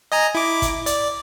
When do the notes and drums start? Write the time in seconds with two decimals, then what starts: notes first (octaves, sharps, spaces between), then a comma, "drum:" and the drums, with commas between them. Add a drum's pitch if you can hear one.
0.12 D#5 G#5 A#5
0.35 E4 D6
0.62 drum: kick, hi-hat
0.86 D5, drum: hi-hat